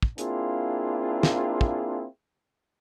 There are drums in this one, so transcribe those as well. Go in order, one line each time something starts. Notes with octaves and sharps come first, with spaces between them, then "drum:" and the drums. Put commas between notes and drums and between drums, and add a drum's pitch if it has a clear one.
drum: kick
A#3 C4 D4 E4 F4 G#4, drum: hi-hat
drum: snare
drum: kick